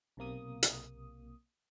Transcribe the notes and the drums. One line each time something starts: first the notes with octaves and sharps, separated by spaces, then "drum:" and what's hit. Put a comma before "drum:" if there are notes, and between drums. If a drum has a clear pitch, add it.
B1 C3 A#3 D#6
drum: hi-hat